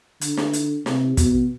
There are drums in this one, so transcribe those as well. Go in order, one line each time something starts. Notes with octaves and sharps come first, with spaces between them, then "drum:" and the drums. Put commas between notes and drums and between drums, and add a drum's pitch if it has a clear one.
D3, drum: hi-hat
drum: snare
drum: hi-hat
C3, drum: snare
B2, drum: kick, hi-hat